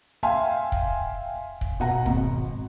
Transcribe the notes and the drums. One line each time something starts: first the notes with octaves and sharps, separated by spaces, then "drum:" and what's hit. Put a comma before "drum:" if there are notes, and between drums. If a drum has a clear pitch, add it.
E5 F5 G5 G#5 C6
drum: kick
drum: kick
B2 F#5 A#5
G#1, drum: kick